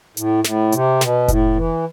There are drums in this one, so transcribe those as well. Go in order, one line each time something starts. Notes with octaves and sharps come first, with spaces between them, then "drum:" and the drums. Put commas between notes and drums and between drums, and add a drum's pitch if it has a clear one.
A2, drum: hi-hat
A2, drum: snare
C3, drum: hi-hat
B2, drum: snare
A2, drum: kick F1, hi-hat
E3